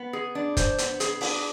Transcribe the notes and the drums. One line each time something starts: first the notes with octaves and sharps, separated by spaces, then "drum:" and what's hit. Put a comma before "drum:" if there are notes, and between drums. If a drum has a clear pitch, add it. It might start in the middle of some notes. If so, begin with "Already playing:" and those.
Already playing: B3
G#4
D4
C5, drum: kick, hi-hat
B3, drum: hi-hat
G#4, drum: hi-hat
D4, drum: open hi-hat